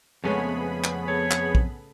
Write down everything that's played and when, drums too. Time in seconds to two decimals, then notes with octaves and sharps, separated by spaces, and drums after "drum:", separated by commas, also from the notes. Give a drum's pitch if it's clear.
0.24 F2 C#3 G#3 A3 B3 C#4 G#4 B5
0.84 drum: clap
1.08 A4 C#5
1.31 drum: clap
1.55 drum: kick